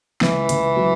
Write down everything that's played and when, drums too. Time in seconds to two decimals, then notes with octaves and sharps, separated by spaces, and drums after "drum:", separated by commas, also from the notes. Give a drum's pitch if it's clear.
0.21 C#2 E3, drum: snare
0.49 C#2, drum: hi-hat
0.77 F#3